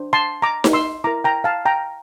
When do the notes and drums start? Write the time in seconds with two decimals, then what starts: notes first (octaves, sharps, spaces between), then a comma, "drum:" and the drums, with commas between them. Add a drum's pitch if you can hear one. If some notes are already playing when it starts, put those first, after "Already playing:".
Already playing: D4 C5
0.13 A5 C6
0.42 A#5 D6
0.64 drum: snare D#4
0.73 C6 E6
1.04 E4 A#4 A#5 D6
1.24 G5 A#5
1.44 F5 A5
1.65 G5 A#5